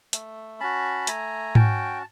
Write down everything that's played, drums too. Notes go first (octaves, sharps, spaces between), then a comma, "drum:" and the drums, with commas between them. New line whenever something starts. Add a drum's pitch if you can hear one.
A3, drum: hi-hat
C#4 F#4 A5 B5
A3 G#5 A#5, drum: hi-hat
C#4 F#4 G5 A5, drum: tom G#2